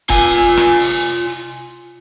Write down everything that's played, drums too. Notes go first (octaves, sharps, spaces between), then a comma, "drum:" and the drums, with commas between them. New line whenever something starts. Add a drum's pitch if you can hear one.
F4 G#5, drum: kick
drum: hi-hat
drum: rim click
drum: open hi-hat
drum: hi-hat